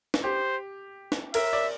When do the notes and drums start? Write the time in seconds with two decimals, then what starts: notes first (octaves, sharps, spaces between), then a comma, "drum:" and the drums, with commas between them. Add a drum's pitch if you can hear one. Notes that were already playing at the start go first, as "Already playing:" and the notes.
0.14 drum: snare
0.24 G4 C5
1.12 drum: snare
1.34 A#4 E5, drum: cymbal
1.53 D5